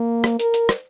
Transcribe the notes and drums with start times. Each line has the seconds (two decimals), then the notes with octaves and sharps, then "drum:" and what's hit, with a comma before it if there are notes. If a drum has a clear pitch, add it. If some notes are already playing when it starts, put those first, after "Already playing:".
Already playing: A#3
0.24 drum: rim click
0.39 A#4, drum: hi-hat
0.54 drum: hi-hat
0.69 drum: rim click